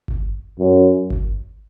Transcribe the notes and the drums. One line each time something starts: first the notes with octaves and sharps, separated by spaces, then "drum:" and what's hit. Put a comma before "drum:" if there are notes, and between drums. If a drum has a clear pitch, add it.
drum: kick G1
F#2
drum: kick G1